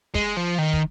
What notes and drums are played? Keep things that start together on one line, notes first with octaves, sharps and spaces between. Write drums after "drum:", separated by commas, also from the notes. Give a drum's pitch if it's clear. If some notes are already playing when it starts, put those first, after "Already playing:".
G#3, drum: kick
F3
D#3
drum: kick